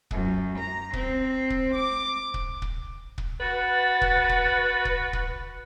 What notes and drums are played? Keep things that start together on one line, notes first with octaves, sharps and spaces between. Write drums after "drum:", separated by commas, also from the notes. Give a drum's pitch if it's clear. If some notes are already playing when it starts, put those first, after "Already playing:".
F#2, drum: kick
A#5
C4, drum: kick
drum: kick
D6
drum: kick
drum: kick
drum: kick
F#4 B4 A6
drum: kick
drum: kick
drum: kick
drum: kick